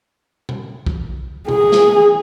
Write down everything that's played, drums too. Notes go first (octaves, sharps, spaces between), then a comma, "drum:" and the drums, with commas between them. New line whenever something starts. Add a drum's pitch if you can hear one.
drum: tom B2
drum: kick
G#4, drum: tom B2
drum: snare